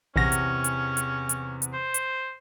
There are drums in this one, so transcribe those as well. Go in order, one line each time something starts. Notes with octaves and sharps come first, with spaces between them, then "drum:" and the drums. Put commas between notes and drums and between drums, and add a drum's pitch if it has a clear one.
A#1 E2 C3 C#4 F#5 A#6
drum: hi-hat
drum: hi-hat
drum: hi-hat
drum: hi-hat
drum: hi-hat
C5
drum: hi-hat